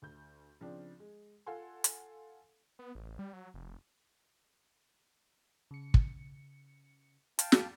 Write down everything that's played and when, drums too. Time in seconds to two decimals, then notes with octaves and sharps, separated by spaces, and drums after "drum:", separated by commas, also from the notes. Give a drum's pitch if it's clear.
0.02 D2 G6
0.60 C#3 F3 C4 D4
1.00 G#3
1.46 F4 A4 F5 F#5 G#5 C6
1.84 drum: hi-hat
2.79 B3
2.95 A1
3.19 G3
3.33 F#3
3.54 F1
5.71 C#3 C#7
5.94 drum: kick
7.39 F5 G5 A5, drum: hi-hat
7.52 drum: snare